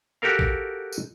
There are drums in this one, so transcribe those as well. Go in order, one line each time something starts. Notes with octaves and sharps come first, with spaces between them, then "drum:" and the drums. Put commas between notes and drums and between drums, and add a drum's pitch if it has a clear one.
F#4 G4 A4 A#4 F5
drum: kick
drum: tambourine